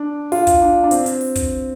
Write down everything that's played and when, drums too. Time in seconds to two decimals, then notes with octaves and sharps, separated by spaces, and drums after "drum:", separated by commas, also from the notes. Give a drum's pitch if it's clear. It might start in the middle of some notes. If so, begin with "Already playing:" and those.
Already playing: D4
0.32 F4, drum: open hi-hat
0.47 drum: kick, hi-hat
0.62 D4
0.84 D4
0.91 C4, drum: hi-hat
1.06 drum: hi-hat
1.21 drum: open hi-hat
1.36 drum: kick, hi-hat